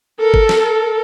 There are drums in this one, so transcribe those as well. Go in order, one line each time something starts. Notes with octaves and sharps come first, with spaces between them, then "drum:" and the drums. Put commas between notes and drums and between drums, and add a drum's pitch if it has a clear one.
A4 A#4
drum: kick G1
drum: snare